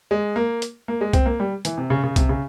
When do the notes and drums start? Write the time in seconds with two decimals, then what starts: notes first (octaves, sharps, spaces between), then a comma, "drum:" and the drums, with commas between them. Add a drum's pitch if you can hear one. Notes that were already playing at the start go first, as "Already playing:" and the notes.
0.11 G#3
0.36 A#3
0.62 drum: hi-hat
0.88 A#3
1.01 G#3
1.13 C4, drum: kick C2, hi-hat
1.26 A#3
1.40 G3
1.65 E3, drum: hi-hat
1.78 C3
1.90 C#3
2.03 C#3
2.16 C3, drum: kick C2, hi-hat
2.29 C#3